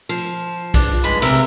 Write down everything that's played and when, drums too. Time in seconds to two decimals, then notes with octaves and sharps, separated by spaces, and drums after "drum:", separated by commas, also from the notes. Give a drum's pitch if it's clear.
0.09 F3
0.74 D4, drum: kick B1, cymbal
1.04 G2 G#3 B5
1.22 C3 A#4 E5, drum: cymbal